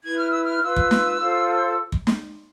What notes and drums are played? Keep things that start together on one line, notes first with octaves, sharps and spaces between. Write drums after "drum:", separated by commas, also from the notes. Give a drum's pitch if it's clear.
E4 B4 G#6
F6
E6
F6
F4 B4 E6
drum: kick
drum: snare
F4 A4 C5
drum: kick
drum: snare